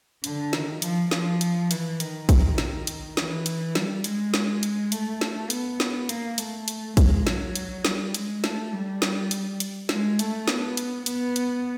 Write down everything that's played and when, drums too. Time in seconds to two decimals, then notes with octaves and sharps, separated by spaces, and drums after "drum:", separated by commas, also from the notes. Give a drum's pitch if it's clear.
0.24 D3, drum: hi-hat
0.53 D#3, drum: snare
0.82 F3, drum: hi-hat
1.11 F3, drum: snare
1.41 drum: hi-hat
1.71 E3, drum: hi-hat
2.00 D#3, drum: hi-hat
2.29 drum: kick, hi-hat
2.58 drum: snare
2.87 drum: hi-hat
3.17 E3, drum: snare
3.46 drum: hi-hat
3.75 G3, drum: snare
4.04 G#3, drum: hi-hat
4.34 drum: snare
4.63 drum: hi-hat
4.92 A3, drum: hi-hat
5.21 drum: snare
5.50 B3, drum: hi-hat
5.80 drum: snare
6.09 A#3, drum: hi-hat
6.38 A3, drum: hi-hat
6.68 drum: hi-hat
6.97 G#3, drum: kick, hi-hat
7.27 F#3, drum: snare
7.55 drum: hi-hat
7.85 G3, drum: snare
8.14 G#3, drum: hi-hat
8.44 A3, drum: snare
8.73 G3
9.02 drum: snare
9.31 drum: hi-hat
9.60 drum: hi-hat
9.89 G#3, drum: snare
10.19 A3, drum: hi-hat
10.48 B3, drum: snare
10.77 drum: hi-hat
11.06 B3, drum: hi-hat
11.36 drum: hi-hat